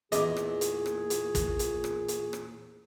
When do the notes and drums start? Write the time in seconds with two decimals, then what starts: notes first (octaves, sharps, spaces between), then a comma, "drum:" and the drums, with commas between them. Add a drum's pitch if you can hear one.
0.12 E2 A#2 G#4 D#5 D6, drum: hi-hat
0.37 drum: rim click
0.61 drum: hi-hat
0.86 drum: rim click
1.10 drum: hi-hat
1.35 drum: kick, hi-hat
1.59 drum: hi-hat
1.84 drum: rim click
2.08 drum: hi-hat
2.33 drum: rim click